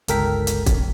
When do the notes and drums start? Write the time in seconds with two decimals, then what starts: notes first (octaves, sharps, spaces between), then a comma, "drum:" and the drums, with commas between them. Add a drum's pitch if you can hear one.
0.08 G1 C#2 A4 A#4 G5 B6, drum: hi-hat
0.47 drum: hi-hat
0.66 drum: kick, hi-hat